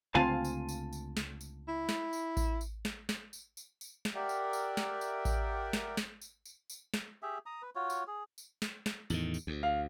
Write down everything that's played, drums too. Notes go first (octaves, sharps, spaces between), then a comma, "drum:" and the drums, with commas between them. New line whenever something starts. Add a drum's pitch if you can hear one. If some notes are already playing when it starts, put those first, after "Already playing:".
C#2 D3 A3 C4 F4 F5 G#5 A5
drum: tambourine
drum: tambourine
drum: tambourine
drum: snare
drum: tambourine
E4
drum: snare
drum: tambourine
drum: kick A1, tambourine
drum: tambourine
drum: snare
drum: snare
drum: tambourine
drum: tambourine
drum: tambourine
drum: snare
G4 A#4 D5 E5 F#5 G5
drum: tambourine
drum: tambourine
drum: snare
drum: tambourine
drum: kick A1, tambourine
drum: snare
drum: snare
drum: tambourine
drum: tambourine
drum: tambourine
drum: snare
G4 G#4 E5
A#5 D#6
B4
F4 F#4 C#5
drum: tambourine
G#4
drum: tambourine
drum: snare
drum: snare
E2 A2 D#3, drum: tambourine
drum: tambourine
D2
F5